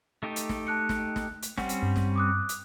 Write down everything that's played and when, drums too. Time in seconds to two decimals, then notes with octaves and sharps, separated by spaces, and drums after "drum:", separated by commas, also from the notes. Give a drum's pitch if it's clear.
0.23 A3 D#4 G4
0.36 drum: hi-hat
0.49 drum: snare
0.67 A5 F#6 C#7
0.89 drum: snare
1.16 drum: snare
1.42 drum: hi-hat
1.58 G3 C4 C#4 F#5, drum: snare
1.69 drum: hi-hat
1.83 G2
1.96 drum: snare
2.16 D6 D#6 F#6
2.49 drum: hi-hat